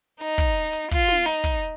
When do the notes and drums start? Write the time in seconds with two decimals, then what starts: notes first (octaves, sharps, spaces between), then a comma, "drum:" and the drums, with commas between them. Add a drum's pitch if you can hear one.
0.21 D#4, drum: hi-hat
0.38 drum: kick, hi-hat
0.73 drum: open hi-hat
0.91 F4, drum: kick, open hi-hat
1.08 drum: snare
1.26 D#4, drum: hi-hat
1.44 drum: kick, hi-hat